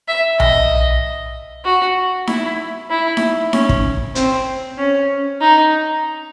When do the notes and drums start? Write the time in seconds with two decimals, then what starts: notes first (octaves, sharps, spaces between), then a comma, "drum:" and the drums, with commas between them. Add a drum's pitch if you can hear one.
0.08 E5
0.40 D#5, drum: tom B1
1.65 F#4
2.27 E4, drum: snare D#4
2.90 E4
3.17 drum: snare D#4
3.53 C#4, drum: snare D#4
3.69 drum: kick
4.15 C4, drum: hi-hat
4.78 C#4
5.41 D#4